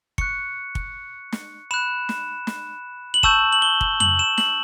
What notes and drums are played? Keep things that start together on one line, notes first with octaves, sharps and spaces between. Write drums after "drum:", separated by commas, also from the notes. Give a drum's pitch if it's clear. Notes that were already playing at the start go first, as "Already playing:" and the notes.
C#6 F#6 C#7, drum: kick
drum: kick
drum: snare
B5 F#6 E7
drum: snare
drum: snare
F#7
A5 C#6 E6 G6 E7, drum: kick
F#7
G7
drum: kick
F#7, drum: tom F2
E7
F#7, drum: snare